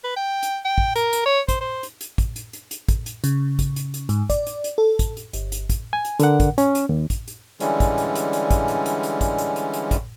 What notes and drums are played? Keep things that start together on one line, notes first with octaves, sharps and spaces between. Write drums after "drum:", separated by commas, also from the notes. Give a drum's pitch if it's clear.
B4
G5
drum: hi-hat
G5
drum: kick
A#4, drum: hi-hat
drum: hi-hat
C#5
C5, drum: kick, hi-hat
C5
drum: hi-hat
drum: hi-hat
drum: kick, hi-hat
drum: hi-hat
drum: hi-hat
drum: hi-hat
drum: kick, hi-hat
drum: hi-hat
C#3, drum: hi-hat
drum: kick, hi-hat
drum: hi-hat
drum: hi-hat
G#2, drum: hi-hat
D5, drum: kick, hi-hat
drum: hi-hat
drum: hi-hat
A4
drum: kick, hi-hat
drum: hi-hat
G1, drum: hi-hat
drum: hi-hat
drum: kick, hi-hat
G#5
drum: hi-hat
D3 A#4 F#5, drum: hi-hat
drum: kick, hi-hat
C#4, drum: hi-hat
drum: hi-hat
D#2
drum: kick, hi-hat
drum: hi-hat
D3 E3 G3 G#3 C#4, drum: hi-hat
drum: kick, hi-hat
drum: hi-hat
drum: hi-hat
drum: hi-hat
drum: kick, hi-hat
drum: hi-hat
drum: hi-hat
drum: hi-hat
drum: kick, hi-hat
drum: hi-hat
drum: hi-hat
drum: hi-hat
drum: kick, hi-hat